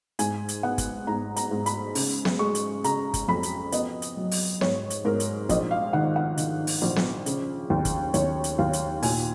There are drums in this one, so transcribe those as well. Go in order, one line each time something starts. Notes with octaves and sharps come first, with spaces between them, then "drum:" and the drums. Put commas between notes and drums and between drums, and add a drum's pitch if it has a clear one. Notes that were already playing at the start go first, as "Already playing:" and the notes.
G#2 G#5, drum: hi-hat
drum: hi-hat
B3 F#5
drum: kick, hi-hat
G#2 A#5
A#5, drum: hi-hat
G#2
B5, drum: hi-hat
C#3, drum: open hi-hat
drum: snare B3
G#3 C#6
drum: hi-hat
C#3 A#5, drum: hi-hat
drum: kick, hi-hat
F2 B5
drum: hi-hat
B3 D#5, drum: hi-hat
drum: hi-hat
F#3
drum: open hi-hat
G#2 C#5, drum: snare B3
drum: hi-hat
G#2 A#4
drum: hi-hat
A#1 D#5, drum: kick, hi-hat
F5
D#3 F#5
F#5
D#3, drum: hi-hat
drum: open hi-hat
A#1
drum: snare B3
C#3, drum: hi-hat
D#2
drum: kick, hi-hat
D#2 C#5, drum: hi-hat
drum: hi-hat
D#2 F5
drum: hi-hat
A#2 G#5, drum: open hi-hat